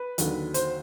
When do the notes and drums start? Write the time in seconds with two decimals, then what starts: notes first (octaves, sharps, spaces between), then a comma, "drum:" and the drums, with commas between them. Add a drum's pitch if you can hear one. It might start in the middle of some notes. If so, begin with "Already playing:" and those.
Already playing: B4
0.18 D#2 D3 F#3, drum: hi-hat
0.54 C5, drum: hi-hat